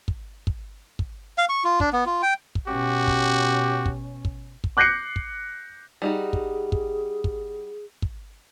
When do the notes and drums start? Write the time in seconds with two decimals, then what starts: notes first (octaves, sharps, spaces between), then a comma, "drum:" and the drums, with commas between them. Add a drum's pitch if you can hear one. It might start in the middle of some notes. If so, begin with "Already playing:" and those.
0.08 drum: kick
0.47 drum: kick
0.99 drum: kick
1.38 F5
1.49 C#6
1.64 F4
1.80 D4, drum: kick
1.93 B3
2.06 F4
2.22 G5
2.55 drum: kick
2.67 B2 C#4 F#4 G4
3.07 drum: kick
3.86 drum: kick
4.25 drum: kick
4.64 drum: kick
4.77 D6 F#6 G6 A#6 C7 C#7
5.16 drum: kick
6.02 G3 D#4 F#4 G#4
6.33 drum: kick
6.72 drum: kick
7.24 drum: kick
8.02 drum: kick